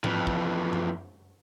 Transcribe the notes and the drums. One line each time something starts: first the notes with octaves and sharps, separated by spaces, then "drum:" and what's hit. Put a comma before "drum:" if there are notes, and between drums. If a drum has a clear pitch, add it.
F2 E3, drum: tom G#2
drum: kick
drum: tom F#2